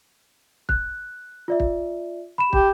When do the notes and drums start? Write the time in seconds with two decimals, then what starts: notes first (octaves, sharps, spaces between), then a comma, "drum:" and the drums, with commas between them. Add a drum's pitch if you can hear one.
0.69 F#6, drum: kick
1.48 F4 D5 E5
1.60 drum: kick
2.38 B5 E7
2.53 G4, drum: kick